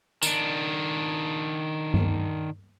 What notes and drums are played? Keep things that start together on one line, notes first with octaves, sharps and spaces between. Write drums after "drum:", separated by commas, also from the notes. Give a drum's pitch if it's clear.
D#3 D4, drum: tambourine
drum: tom G2